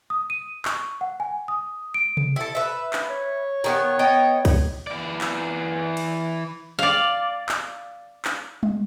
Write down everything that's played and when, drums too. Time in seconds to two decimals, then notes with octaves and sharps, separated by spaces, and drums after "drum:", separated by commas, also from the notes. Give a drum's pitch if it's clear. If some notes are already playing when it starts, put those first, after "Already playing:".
0.10 D#6
0.30 D#7
0.65 C#6, drum: clap
1.01 F#5
1.20 G#5
1.48 D#6
1.94 D7
2.17 drum: tom C3
2.36 E4 A4
2.55 B4 E5
2.93 drum: clap
3.10 C#5
3.64 D#3 G#3 B3
3.99 B3 D#5 G5
4.45 drum: kick C#2, cymbal
4.87 E3 D5
5.21 drum: clap
5.97 drum: cymbal
6.79 D5 F5
7.49 drum: clap
8.25 drum: clap
8.63 drum: tom G3